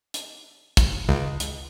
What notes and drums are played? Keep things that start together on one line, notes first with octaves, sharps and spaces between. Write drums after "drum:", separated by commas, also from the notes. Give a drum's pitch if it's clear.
drum: hi-hat
drum: kick, hi-hat
C#2
drum: hi-hat